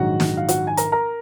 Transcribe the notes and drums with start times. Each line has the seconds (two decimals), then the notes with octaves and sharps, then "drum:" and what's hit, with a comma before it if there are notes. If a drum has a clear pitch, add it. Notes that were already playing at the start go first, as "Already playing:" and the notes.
Already playing: A#1 G#2 D#3 F#3 F#4 F#5
0.20 drum: snare
0.37 F5
0.49 F#4 F#5, drum: hi-hat
0.67 G#5
0.77 A#4 A#5, drum: hi-hat
0.92 A#4 A#5